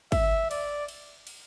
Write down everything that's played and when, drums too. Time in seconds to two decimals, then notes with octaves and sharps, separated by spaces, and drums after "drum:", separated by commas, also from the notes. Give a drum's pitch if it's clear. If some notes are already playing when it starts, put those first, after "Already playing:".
0.12 E5, drum: kick, cymbal
0.51 D5, drum: cymbal
0.88 drum: cymbal
1.27 drum: cymbal